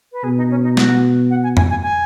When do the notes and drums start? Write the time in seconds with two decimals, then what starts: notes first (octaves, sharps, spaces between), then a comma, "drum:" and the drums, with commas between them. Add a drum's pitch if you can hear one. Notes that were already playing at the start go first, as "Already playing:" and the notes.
0.12 B4
0.24 B2 G#4
0.37 D#4
0.51 C#4
0.64 D#4
0.77 F#4, drum: snare
1.30 F#5
1.43 G#5
1.57 G#5, drum: tom F2
1.70 G#5
1.83 G#5